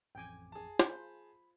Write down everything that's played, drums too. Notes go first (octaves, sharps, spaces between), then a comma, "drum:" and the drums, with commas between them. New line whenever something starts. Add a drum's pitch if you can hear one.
A1 F2 G5 G#5 D6
G#4 A5
F4 C5 B5, drum: snare